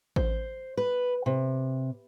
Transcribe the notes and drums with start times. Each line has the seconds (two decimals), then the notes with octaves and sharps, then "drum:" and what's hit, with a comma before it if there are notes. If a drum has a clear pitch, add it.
0.16 C5, drum: kick A1
0.77 B4
1.26 C3